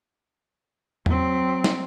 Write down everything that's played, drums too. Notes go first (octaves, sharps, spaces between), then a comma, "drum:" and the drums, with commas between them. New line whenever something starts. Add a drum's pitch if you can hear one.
F#3 C4, drum: tom E2
drum: snare